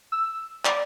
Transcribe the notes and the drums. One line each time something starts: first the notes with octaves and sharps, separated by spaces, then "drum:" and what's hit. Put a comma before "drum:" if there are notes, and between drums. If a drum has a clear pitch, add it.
E6
D5, drum: clap